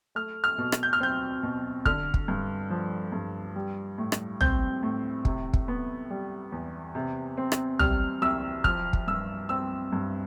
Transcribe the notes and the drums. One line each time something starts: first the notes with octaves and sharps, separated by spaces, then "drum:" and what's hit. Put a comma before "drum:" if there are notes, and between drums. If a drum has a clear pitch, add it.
A3 F6
F6
B2
drum: rim click
G6
F6
C4 G6
B2
D3 F6, drum: kick
drum: kick
G2
F3
G2
G3
A2
drum: rim click
C4 G6, drum: tom
A2
C3, drum: kick
drum: kick
B3
G3
E2
C3
C4
drum: rim click
G3 F6, drum: tom
C2 E6
F3 F6, drum: kick
drum: kick
G2 E6
C4 E6
G2